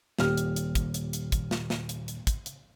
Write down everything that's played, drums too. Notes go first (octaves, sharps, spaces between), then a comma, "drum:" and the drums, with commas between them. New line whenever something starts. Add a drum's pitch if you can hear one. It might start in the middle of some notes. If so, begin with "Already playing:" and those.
D#1 A#2 G4 F6, drum: snare
drum: hi-hat
drum: hi-hat
drum: kick, hi-hat
drum: hi-hat
drum: hi-hat
drum: kick, hi-hat
drum: snare
drum: snare
drum: hi-hat
drum: hi-hat
drum: kick, hi-hat
drum: hi-hat